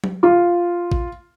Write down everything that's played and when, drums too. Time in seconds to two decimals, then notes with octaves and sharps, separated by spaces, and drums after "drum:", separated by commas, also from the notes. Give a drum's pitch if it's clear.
0.04 drum: tom F#3
0.23 F4
0.92 drum: kick A1